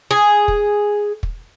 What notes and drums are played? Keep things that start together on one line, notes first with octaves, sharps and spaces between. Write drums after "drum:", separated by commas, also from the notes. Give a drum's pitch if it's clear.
G#4
drum: kick
drum: kick